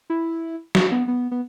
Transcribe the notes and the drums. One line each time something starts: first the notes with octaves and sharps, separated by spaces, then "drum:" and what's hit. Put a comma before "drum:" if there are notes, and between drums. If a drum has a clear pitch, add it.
E4
F#4, drum: snare
B3
B3
B3